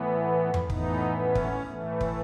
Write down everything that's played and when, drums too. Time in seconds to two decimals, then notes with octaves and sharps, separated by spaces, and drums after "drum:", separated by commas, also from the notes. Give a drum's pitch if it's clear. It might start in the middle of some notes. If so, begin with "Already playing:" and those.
Already playing: A2 E3 B3
0.54 drum: tom F2
0.70 A2 E3 B3 D#4, drum: kick
1.19 C#4
1.35 drum: kick
1.68 A2 E3 A3
2.01 drum: kick